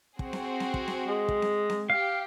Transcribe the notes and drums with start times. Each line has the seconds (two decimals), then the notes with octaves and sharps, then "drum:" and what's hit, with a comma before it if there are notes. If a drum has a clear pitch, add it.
0.19 C4 F#4 G#4, drum: kick
0.33 drum: snare C4
0.60 drum: snare C4
0.74 drum: kick
0.88 drum: snare C4
1.08 G#3
1.29 drum: kick
1.42 drum: snare C4
1.70 drum: snare C4
1.90 G4 F5